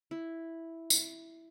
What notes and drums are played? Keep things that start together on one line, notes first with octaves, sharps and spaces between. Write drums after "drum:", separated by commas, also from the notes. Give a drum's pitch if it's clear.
E4
drum: tambourine